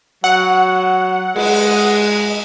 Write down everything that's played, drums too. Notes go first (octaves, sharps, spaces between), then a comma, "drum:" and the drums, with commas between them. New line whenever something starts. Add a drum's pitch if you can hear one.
F#3 F#5
G#3, drum: cymbal